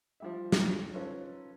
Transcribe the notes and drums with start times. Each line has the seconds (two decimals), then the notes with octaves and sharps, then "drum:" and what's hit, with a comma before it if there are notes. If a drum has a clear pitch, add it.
0.20 F3 G3 E5
0.52 drum: snare
0.94 C#4 D#4 F4 A4 B4 C5